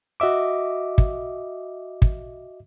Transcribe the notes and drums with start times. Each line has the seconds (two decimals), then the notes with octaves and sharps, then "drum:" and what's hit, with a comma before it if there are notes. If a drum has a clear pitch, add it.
0.20 F#4 D#5 E5 D6
0.98 drum: kick
2.02 drum: kick